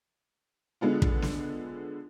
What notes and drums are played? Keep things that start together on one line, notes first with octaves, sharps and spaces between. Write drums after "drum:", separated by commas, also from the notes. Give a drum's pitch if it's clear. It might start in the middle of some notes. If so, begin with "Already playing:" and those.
D3 G#3 B3 F4
drum: kick
drum: snare